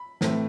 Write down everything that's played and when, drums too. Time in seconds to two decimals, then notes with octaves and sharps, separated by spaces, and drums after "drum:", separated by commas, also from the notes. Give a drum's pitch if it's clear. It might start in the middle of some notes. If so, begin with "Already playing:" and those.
Already playing: B5
0.21 A2 E3 A3 C4, drum: snare